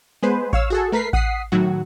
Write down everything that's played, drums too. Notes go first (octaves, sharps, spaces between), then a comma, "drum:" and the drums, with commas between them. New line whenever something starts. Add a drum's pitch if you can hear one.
G#3 B3 G#4 B4 C5
C#5 F5 E6, drum: kick A1
F#4 G#4 A4
A3 A#4 B4 B6 C7
F#5 D#6 B6 C7, drum: kick A1
A2 D#3 F#3 F#4